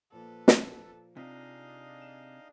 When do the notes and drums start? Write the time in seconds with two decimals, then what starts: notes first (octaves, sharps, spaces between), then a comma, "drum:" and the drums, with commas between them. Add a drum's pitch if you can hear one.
0.12 A#2 F3 A#3 A4 B4
0.48 drum: snare
1.17 C3 D4 D#4 F4 G#4 D#5 F5
2.02 E7